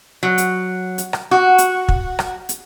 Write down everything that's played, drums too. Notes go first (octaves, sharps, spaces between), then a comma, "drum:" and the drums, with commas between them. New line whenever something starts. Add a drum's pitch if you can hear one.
F#3
drum: hi-hat
drum: hi-hat
drum: rim click
F#4
drum: hi-hat
drum: kick
drum: rim click
drum: hi-hat